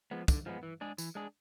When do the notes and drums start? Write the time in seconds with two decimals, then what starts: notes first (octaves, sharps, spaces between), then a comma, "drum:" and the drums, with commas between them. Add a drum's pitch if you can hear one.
0.11 F3 G#3 B3
0.28 D3, drum: kick, tambourine
0.46 F3 G#3 B3
0.63 E3
0.81 G#3 D4 G#4
0.98 E3, drum: tambourine
1.15 G#3 D4 G#4